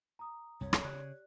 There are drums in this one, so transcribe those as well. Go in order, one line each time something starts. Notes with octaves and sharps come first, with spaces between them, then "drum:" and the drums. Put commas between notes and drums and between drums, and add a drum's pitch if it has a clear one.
A#5 D#6
C2 F#2 C#5
drum: rim click
C#3 G4 D5 F#6